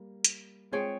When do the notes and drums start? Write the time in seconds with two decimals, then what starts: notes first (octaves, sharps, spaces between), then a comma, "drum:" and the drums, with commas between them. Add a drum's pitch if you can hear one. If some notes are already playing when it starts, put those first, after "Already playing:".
Already playing: G3 A#3
0.24 drum: hi-hat
0.72 G#3 C4 F4 G#4 C#5 G5